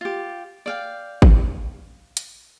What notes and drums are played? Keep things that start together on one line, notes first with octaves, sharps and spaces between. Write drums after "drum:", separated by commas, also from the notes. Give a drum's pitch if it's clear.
F4 G4
D5 F5 G5
drum: kick
drum: hi-hat